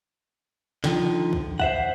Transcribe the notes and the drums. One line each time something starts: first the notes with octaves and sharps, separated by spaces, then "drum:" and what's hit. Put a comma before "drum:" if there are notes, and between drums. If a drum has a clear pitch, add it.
D3 D#3 F3, drum: snare
drum: kick
C5 E5 F#5, drum: kick